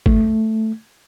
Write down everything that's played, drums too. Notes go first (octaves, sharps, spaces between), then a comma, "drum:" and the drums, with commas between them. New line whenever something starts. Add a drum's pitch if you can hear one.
A3, drum: kick